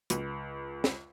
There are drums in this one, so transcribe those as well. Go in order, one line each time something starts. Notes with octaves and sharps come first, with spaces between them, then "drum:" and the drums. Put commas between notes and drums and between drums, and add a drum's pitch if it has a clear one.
C#2, drum: hi-hat
drum: snare